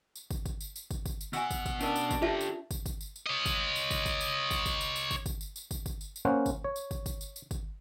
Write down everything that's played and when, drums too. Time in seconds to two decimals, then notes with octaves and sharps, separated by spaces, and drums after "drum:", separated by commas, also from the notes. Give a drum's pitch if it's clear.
0.16 drum: tambourine
0.31 drum: kick, tambourine
0.46 drum: kick, tambourine
0.61 drum: tambourine
0.76 drum: tambourine
0.91 drum: kick, tambourine
1.06 drum: kick, tambourine
1.21 drum: tambourine
1.33 B2 F#5 G#5 E6, drum: tambourine
1.51 drum: kick, tambourine
1.66 drum: kick, tambourine
1.81 C#4 D4 A#4, drum: tambourine
1.96 drum: tambourine
2.11 drum: kick, tambourine
2.22 F4 G4 A4 E5 A5
2.41 drum: tambourine
2.71 drum: kick, tambourine
2.86 drum: kick, tambourine
3.01 drum: tambourine
3.16 drum: tambourine
3.27 C#5 D#5
3.46 drum: kick, tambourine
3.76 drum: tambourine
3.91 drum: kick, tambourine
4.06 drum: kick, tambourine
4.21 drum: tambourine
4.51 drum: kick, tambourine
4.66 drum: kick, tambourine
4.81 drum: tambourine
4.96 drum: tambourine
5.11 drum: kick, tambourine
5.26 drum: kick, tambourine
5.41 drum: tambourine
5.56 drum: tambourine
5.71 drum: kick, tambourine
5.86 drum: kick, tambourine
6.01 drum: tambourine
6.16 drum: tambourine
6.25 A#3 C#4 C5 F#5
6.46 drum: kick, tambourine
6.64 C#5
6.76 drum: tambourine
6.91 drum: kick, tambourine
7.06 drum: kick, tambourine
7.21 drum: tambourine
7.36 drum: tambourine
7.51 drum: kick, tambourine